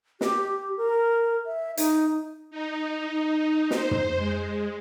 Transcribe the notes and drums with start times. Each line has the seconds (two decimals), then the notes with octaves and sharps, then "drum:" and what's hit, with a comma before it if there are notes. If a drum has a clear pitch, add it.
0.21 G4, drum: snare
0.77 A#4
1.46 E5
1.77 D#4, drum: hi-hat
2.50 D#4
3.71 C5, drum: snare
3.91 drum: tom
4.17 G#3